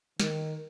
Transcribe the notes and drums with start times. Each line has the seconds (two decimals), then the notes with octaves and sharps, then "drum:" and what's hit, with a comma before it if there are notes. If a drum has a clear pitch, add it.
0.20 D#3, drum: snare